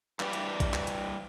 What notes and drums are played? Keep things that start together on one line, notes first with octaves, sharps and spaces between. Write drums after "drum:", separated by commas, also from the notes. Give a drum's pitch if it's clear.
G2 E3 G4, drum: clap
drum: hi-hat
drum: kick A#1, hi-hat
drum: clap
drum: hi-hat